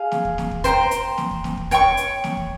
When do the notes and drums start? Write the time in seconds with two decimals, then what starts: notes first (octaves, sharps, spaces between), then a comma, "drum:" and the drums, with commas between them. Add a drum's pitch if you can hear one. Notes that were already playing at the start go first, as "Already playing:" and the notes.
Already playing: G#4 F5
0.12 drum: snare
0.25 drum: kick
0.38 drum: snare
0.51 drum: kick
0.64 C5 G5 A#5, drum: kick, hi-hat
0.91 drum: hi-hat
1.18 drum: snare
1.31 drum: kick
1.44 drum: snare
1.57 drum: kick
1.71 C#5 G5 C#6, drum: kick, hi-hat
1.97 drum: hi-hat
2.24 drum: snare
2.37 drum: kick